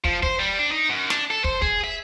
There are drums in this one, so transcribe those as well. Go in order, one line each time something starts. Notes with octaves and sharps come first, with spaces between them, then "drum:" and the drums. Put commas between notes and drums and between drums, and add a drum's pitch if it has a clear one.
F3, drum: kick
C5, drum: kick
G3
D4
D#4
F#2
D4, drum: snare
A4
C5, drum: kick
G#4, drum: kick
E5